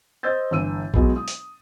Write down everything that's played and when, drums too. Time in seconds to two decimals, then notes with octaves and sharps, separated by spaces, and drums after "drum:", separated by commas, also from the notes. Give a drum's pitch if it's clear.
0.23 C5 D#5 E6 G6 A6
0.51 G1 E3 E6 D#7
0.94 B2 F#3 G#3 B3 E4, drum: kick A#1
1.16 D#6
1.28 drum: hi-hat